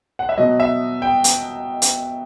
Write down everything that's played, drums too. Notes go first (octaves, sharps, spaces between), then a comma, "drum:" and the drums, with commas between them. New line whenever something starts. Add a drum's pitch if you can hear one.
F#5
E5
B2 F#3 D#5
E5
G5
drum: hi-hat
drum: hi-hat